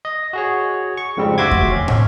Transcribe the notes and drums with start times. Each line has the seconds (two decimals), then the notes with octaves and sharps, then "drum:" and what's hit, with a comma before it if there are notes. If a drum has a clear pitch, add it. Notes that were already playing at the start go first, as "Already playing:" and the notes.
0.05 D#5
0.33 F#4 G#4 C#5
0.97 C#6
1.17 F2 G#2 C#3 G3 C4
1.38 D2 F#4 E5 C6 D6 G#6
1.51 drum: kick E2
1.72 C#4
1.88 drum: tom